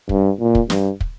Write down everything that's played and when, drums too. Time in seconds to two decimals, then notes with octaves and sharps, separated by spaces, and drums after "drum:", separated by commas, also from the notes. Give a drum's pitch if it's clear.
0.09 G2, drum: kick
0.40 A#2
0.55 drum: kick
0.70 G2, drum: snare
1.01 drum: kick